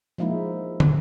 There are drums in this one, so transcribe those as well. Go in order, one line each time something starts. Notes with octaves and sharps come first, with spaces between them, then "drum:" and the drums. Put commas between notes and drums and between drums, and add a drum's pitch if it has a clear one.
F3 G#3 A#3 D#4 E4
drum: tom